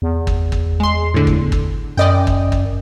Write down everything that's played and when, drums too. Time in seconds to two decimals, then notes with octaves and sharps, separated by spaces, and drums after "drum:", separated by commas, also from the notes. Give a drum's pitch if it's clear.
0.02 E2
0.27 drum: kick
0.52 drum: kick
0.80 G#3 C6
1.14 A2 D3
1.27 drum: kick
1.52 drum: kick
1.97 F#2 D5 D#5 G5
2.27 drum: kick
2.52 drum: kick